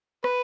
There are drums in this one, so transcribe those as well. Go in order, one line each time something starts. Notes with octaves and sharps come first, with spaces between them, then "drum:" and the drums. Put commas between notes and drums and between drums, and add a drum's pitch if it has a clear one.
B4, drum: rim click